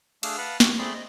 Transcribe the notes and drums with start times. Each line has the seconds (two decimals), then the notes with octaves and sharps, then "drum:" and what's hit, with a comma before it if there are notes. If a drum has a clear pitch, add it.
0.23 A3 D4 G#4 F5 D6 E6, drum: cymbal
0.38 B4 F5 F#5 A5 B5
0.60 F#4 G4 F#6, drum: snare
0.78 A3 C4 G#4 D5 B5 C6
0.94 D#5